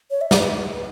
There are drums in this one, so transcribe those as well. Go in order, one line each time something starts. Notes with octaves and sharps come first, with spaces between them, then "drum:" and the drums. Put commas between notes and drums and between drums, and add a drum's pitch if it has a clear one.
C#5
E5
D5, drum: snare
B4